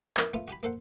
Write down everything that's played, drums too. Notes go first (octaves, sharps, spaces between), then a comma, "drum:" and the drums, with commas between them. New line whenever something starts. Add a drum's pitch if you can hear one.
B3 C#4 E4 A#4, drum: clap
A3 B3 F4
F#4 G4 G#5 B5
A#3 A4 C5 F#5